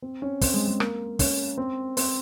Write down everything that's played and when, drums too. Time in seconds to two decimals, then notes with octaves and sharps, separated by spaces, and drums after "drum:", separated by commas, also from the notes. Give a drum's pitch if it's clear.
0.02 C4
0.22 C#4
0.41 C4, drum: kick, open hi-hat
0.54 G#3
0.67 G#3
0.80 A#3, drum: rim click
1.19 C#4, drum: kick, open hi-hat
1.58 C4
1.97 C4, drum: open hi-hat